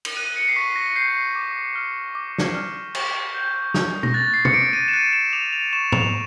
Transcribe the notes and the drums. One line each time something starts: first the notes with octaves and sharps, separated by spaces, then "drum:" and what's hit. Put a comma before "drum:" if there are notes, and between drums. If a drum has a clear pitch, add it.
drum: cymbal
F#6 D#7
C#7
C7
C#6 B6
A#6
G6 C7
D6
F6
D6
drum: snare
F6
C#6, drum: cymbal
G6
D#6, drum: snare
A#6, drum: tom
F#6 A6
C7
C#7, drum: tom
D6 D7
D#7
E7
F#6 D#7
E7
D6 F7
F7
C#6 E7
F7, drum: tom G#2